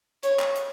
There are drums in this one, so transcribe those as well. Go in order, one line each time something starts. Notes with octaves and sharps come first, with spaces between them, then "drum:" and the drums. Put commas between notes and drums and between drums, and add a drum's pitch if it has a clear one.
C#5, drum: hi-hat
drum: clap
drum: hi-hat